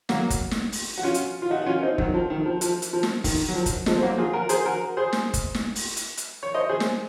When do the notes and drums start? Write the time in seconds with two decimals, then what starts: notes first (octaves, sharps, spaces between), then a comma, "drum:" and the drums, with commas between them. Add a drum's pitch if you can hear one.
0.09 F#3 A#3, drum: snare
0.30 drum: kick F#1, hi-hat
0.51 drum: snare
0.72 drum: open hi-hat
0.98 F#4
1.03 C#4 F4
1.14 drum: hi-hat
1.42 F4
1.50 D#4 F#4
1.62 F#4
1.66 C#4 F4
1.83 C4 D#4
1.98 D#3 F#3, drum: kick F#1
2.14 F3
2.30 D#3
2.45 F3
2.61 F3, drum: hi-hat
2.82 drum: hi-hat
2.93 F3
3.03 drum: snare
3.24 D#3, drum: kick F#1, open hi-hat
3.48 F#3
3.55 F3
3.66 drum: kick F#1, hi-hat
3.86 F3 G#3, drum: snare
3.98 C4
4.02 F#3 A#3
4.18 F4 G#4
4.33 F#4 A#4
4.49 G#4 C5, drum: hi-hat
4.65 F#4 A#4
4.97 G#4 C5
5.13 drum: snare
5.34 drum: kick F#1, hi-hat
5.54 drum: snare
5.75 drum: open hi-hat
5.96 drum: hi-hat
6.17 drum: hi-hat
6.43 C#5
6.54 C5 D#5
6.70 G#4 C5
6.80 drum: snare